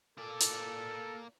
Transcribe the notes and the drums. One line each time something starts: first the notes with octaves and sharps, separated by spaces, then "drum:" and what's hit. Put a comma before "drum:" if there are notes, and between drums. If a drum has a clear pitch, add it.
A#3 A4 D5
drum: hi-hat